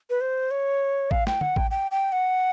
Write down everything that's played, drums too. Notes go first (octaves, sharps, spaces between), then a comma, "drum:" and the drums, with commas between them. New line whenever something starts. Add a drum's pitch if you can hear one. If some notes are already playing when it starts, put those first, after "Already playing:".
B4
C5
C#5
F5, drum: kick A1
G5, drum: snare
F#5, drum: tom
G5, drum: kick A1
G5
G5
F#5